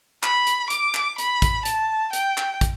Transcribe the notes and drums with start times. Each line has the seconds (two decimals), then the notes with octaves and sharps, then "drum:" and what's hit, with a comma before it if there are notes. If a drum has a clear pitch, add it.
0.23 B5, drum: clap
0.47 drum: hi-hat
0.70 D6, drum: hi-hat
0.94 drum: clap
1.18 B5, drum: hi-hat
1.42 drum: kick, hi-hat
1.65 A5, drum: hi-hat
2.13 G5, drum: hi-hat
2.37 drum: clap
2.61 drum: kick, hi-hat